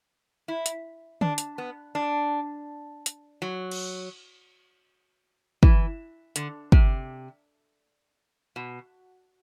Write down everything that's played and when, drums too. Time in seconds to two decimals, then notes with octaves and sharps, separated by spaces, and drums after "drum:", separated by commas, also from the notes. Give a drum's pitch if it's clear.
0.48 E4
0.66 drum: hi-hat
1.21 D4, drum: tom D3
1.38 drum: hi-hat
1.58 B3
1.95 D4
3.06 drum: hi-hat
3.42 F#3
3.71 drum: cymbal
5.63 E3, drum: kick
6.36 D3, drum: hi-hat
6.72 C3, drum: kick
8.56 B2